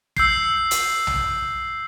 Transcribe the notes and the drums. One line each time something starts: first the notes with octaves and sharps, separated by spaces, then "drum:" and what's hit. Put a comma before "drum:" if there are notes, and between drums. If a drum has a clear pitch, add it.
E6 G6 C7, drum: kick
drum: hi-hat
drum: tom B1